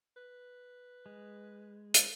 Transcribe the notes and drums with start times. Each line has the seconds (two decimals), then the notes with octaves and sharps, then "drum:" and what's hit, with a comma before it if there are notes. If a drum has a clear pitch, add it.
0.17 B4
1.06 G#3
1.94 drum: hi-hat